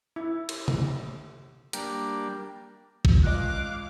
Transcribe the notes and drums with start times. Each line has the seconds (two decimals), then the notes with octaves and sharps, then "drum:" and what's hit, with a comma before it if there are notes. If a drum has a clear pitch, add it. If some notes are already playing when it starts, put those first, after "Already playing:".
0.16 E4
0.49 drum: cymbal
0.68 drum: tom C3
1.73 G3 A#3 D4, drum: hi-hat
3.05 drum: kick A1
3.23 C#2 D#5 F5 D6 F#6